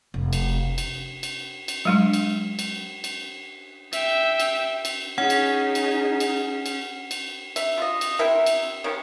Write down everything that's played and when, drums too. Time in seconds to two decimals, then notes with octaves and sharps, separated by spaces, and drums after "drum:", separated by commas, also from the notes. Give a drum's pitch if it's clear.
0.14 F1
0.33 drum: cymbal
0.78 drum: cymbal
1.23 drum: cymbal
1.68 drum: cymbal
1.85 F#3 G#3 D4
2.13 drum: cymbal
2.59 drum: cymbal
3.04 drum: cymbal
3.93 E5 G5, drum: cymbal
4.40 drum: cymbal
4.85 drum: cymbal
5.18 C#4 D#4 G#4 F#5
5.30 drum: cymbal
5.75 drum: cymbal
6.20 drum: cymbal
6.66 drum: cymbal
7.11 drum: cymbal
7.56 E5, drum: cymbal
7.78 F4 D#5
8.01 drum: cymbal
8.19 C4 E4 A#4 E5
8.46 drum: cymbal
8.84 C3 D#3 B3 C#4